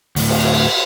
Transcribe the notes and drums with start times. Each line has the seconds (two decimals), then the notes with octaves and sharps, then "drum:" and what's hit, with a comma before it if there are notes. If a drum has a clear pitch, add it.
0.16 D2 A2, drum: open hi-hat
0.29 drum: cymbal
0.44 drum: cymbal